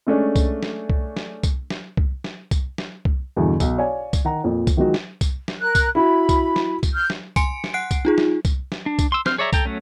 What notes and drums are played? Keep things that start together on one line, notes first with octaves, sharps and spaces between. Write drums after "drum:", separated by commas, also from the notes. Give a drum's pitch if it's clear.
G#3 A3 C#4 D4
drum: kick C2, tambourine
drum: snare
drum: kick C2
drum: snare
drum: kick C2, tambourine
drum: snare
drum: kick C2
drum: snare
drum: kick C2, tambourine
drum: snare
drum: kick C2
E2 G2 B2 D3 E3
B1, drum: kick C2, tambourine
C#5 D5 F5 G#5
drum: kick C2, tambourine
D#3 F#5 A#5
F2 A#2
drum: kick C2, tambourine
D#3 F3 F#3 G#3 D#4 F#4
drum: snare
drum: kick C2, tambourine
drum: snare
A#4 F#6
drum: kick C2, tambourine
E4 F#4 B5
drum: kick C2, tambourine
drum: snare
drum: kick C2, tambourine
F6 G6
drum: snare
G#5 C6 C#7 D7, drum: kick C2, tambourine
drum: snare
F#5 F#6 C7 D7
drum: kick C2, tambourine
D#4 F4 G#4
drum: snare
drum: kick C2, tambourine
drum: snare
D4
drum: kick C2, tambourine
C6 E6
C4 C5 F6, drum: snare
G#4 C#5 D5 E5 A#5
A4 G5 A#5, drum: kick C2, tambourine
F#3 A3 C#4